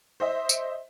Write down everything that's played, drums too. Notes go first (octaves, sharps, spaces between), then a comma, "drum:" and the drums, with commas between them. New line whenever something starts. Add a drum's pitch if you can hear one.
C5 D#5 E5
drum: tambourine